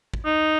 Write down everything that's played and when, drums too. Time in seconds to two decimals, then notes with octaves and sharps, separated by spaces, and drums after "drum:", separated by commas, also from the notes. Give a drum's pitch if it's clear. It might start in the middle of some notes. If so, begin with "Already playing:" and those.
0.14 drum: kick
0.25 D#4